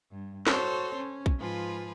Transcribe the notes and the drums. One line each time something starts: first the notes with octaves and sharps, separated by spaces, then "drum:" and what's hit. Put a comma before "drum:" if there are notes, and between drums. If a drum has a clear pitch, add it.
G2
F#4 A4 C5 C#5 C6, drum: snare
C#4
drum: kick
G#2 F3 F4 B4 G#5